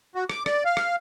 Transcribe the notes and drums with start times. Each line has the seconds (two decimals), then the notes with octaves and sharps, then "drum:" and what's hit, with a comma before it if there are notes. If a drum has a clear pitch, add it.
0.15 F#4
0.29 D6, drum: rim click
0.46 D5, drum: rim click
0.65 F5
0.77 drum: rim click